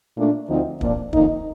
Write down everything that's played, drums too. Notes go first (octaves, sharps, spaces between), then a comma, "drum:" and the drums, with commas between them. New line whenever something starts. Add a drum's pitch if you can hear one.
A#2 A3 D4
D2 D3 F3 C4 D#4
A#2 F3 A#3 D4, drum: kick
F2 D#3 A#3 D#4, drum: kick